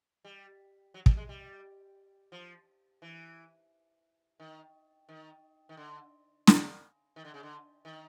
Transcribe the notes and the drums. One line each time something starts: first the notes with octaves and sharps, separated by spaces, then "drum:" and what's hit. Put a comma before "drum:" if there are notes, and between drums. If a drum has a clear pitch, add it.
G3
F#3
G3, drum: kick
G#3
G3
F3
E3
D#3
D#3
D#3
D3
C#3, drum: snare
D#3
D3
C#3
D3
D#3